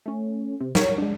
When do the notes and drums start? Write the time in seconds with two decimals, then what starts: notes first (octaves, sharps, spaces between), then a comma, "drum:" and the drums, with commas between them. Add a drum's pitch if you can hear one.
0.06 A3 C#4
0.61 C3
0.75 A#4 C#5, drum: snare
0.98 G#3 D4